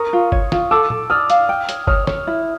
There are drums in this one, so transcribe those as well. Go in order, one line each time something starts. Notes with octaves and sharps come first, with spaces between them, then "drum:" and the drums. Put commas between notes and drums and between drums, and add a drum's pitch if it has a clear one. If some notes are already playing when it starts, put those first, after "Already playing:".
Already playing: A#4 C#6 D#6
F4
C#5, drum: kick G1
F4, drum: snare
A4 D6 E6
A4, drum: tom
D5 D#6 F6
F5, drum: hi-hat
G5
C#5, drum: hi-hat
C#5 D#6 F6, drum: kick G1
C#5, drum: snare
E4